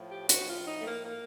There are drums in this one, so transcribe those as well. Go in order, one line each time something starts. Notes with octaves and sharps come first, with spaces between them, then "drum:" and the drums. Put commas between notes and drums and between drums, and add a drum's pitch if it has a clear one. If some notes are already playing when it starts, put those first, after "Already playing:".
Already playing: A2 F3
G4
F#4, drum: hi-hat
F4
D#4
A3
A#3
A#3